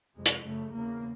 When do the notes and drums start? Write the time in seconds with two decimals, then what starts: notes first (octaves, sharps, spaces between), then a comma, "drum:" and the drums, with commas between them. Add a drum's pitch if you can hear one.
0.15 F2 C3 G#3
0.26 drum: hi-hat
0.44 F#2 C#3 A3
0.73 E2 C#3 A#3